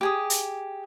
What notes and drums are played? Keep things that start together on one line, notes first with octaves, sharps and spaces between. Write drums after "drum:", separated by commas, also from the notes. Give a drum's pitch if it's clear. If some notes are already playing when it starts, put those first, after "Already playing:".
G4 G#4 D#6
drum: hi-hat